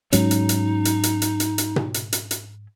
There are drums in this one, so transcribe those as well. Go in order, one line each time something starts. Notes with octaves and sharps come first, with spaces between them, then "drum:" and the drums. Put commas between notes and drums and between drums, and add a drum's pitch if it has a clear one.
G#2 F#3 C#4 D#4, drum: hi-hat
drum: hi-hat
drum: hi-hat
drum: hi-hat
drum: hi-hat
drum: hi-hat
drum: hi-hat
drum: hi-hat
drum: tom B2
drum: hi-hat
drum: hi-hat
drum: hi-hat